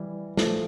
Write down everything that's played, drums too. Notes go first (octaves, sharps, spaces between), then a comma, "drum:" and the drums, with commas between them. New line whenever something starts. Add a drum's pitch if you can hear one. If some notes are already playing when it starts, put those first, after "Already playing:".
Already playing: E3 G3
F3 A3, drum: snare